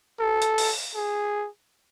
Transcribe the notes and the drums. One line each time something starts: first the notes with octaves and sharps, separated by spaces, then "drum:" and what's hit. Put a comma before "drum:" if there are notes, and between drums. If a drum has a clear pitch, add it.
A4
drum: hi-hat
drum: open hi-hat
G#4